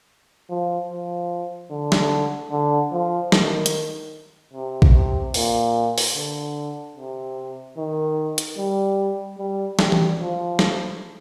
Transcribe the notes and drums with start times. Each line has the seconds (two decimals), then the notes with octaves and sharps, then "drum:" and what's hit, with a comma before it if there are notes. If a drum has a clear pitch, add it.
0.49 F3
0.90 F3
1.71 D3
1.92 drum: snare
2.51 D3
2.92 F3
3.32 D#3, drum: snare
3.66 drum: hi-hat
4.53 C3
4.82 drum: kick A#1
4.94 C3
5.34 A#2, drum: open hi-hat
5.98 drum: open hi-hat
6.15 D3
6.96 C3
7.77 D#3
8.38 drum: hi-hat
8.57 G3
9.38 G3
9.79 G3, drum: snare
9.92 drum: tom E3
10.19 F3
10.59 drum: snare